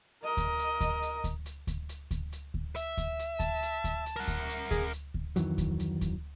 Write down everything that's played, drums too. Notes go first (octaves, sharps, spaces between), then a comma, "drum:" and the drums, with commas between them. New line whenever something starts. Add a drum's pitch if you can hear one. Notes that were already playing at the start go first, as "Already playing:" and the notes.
A#4 D#5
drum: kick D2, hi-hat
drum: hi-hat
drum: kick D2, hi-hat
drum: hi-hat
drum: kick D2, hi-hat
drum: hi-hat
drum: kick D2, hi-hat
drum: hi-hat
drum: kick D2, hi-hat
drum: hi-hat
drum: kick D2
E5, drum: hi-hat
drum: kick D2, hi-hat
drum: hi-hat
A5, drum: kick D2, hi-hat
drum: hi-hat
drum: kick D2, hi-hat
drum: hi-hat
A#4 F#5
drum: kick D2, hi-hat
drum: hi-hat
G#4, drum: kick D2, hi-hat
drum: hi-hat
drum: kick D2
F2 D#3 E3 F#3, drum: hi-hat
drum: kick D2, hi-hat
drum: hi-hat
drum: kick D2, hi-hat